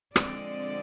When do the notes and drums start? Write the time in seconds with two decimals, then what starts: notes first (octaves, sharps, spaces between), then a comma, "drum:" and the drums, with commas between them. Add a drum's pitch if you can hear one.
0.16 D3 F3 G#3 C4 D5, drum: rim click